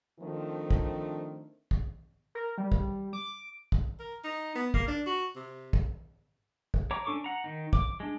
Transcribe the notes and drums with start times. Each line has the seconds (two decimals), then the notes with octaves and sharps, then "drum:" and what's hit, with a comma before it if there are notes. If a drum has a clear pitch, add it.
0.20 D#3 F3 A3 C4 D4
0.70 drum: kick
1.71 drum: kick
2.35 A#4
2.58 G3
2.72 drum: kick
3.13 D6
3.72 drum: kick
3.99 A#4
4.24 D#4
4.55 B3
4.74 A#3, drum: kick
4.88 D4
5.06 F#4
5.36 C3
5.73 drum: kick
6.74 drum: kick
6.91 C#5 A#5 D6
7.05 C#4 D4 A4 C#6 D6
7.24 F#5 A#5
7.44 D#3 D#4
7.73 D6, drum: kick
8.00 G#3 D4